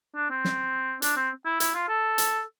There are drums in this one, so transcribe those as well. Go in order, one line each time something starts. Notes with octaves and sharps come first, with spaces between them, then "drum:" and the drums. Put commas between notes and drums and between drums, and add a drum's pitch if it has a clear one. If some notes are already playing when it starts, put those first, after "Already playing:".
D4
C4
drum: snare
D4, drum: hi-hat
C4
E4
E4, drum: hi-hat
F4
A4
drum: hi-hat